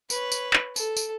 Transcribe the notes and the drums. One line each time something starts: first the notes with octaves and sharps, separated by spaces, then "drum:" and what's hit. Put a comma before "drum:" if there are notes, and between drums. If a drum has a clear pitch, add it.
B4 C#5, drum: tambourine
drum: tambourine
drum: clap
A4, drum: tambourine
drum: tambourine